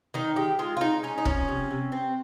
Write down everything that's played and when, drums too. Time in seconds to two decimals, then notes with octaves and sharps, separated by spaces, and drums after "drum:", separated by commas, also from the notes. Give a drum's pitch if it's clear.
0.14 D#3 D#4
0.36 G#3 G4
0.59 G#3 F4
0.77 F4
0.80 G#3 D#4
1.03 C#4 D#4
1.18 D#4
1.25 F3 C#4, drum: kick
1.48 C3
1.71 C3
1.92 C4